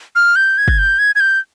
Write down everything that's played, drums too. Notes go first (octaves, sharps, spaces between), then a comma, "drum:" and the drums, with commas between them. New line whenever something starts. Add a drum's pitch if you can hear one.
F6
G6
G#6
drum: kick
G6
G#6
G#6
G6